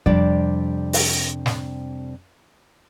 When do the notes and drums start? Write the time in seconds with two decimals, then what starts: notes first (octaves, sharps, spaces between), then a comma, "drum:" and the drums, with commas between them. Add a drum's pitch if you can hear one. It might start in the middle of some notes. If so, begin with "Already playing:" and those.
0.06 F2 C3 G3 D4 D5, drum: kick
0.93 drum: open hi-hat
1.46 drum: snare